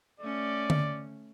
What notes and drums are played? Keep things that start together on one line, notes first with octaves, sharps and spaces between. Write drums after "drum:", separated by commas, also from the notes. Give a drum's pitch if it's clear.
A3 C#4 D5
drum: tom D3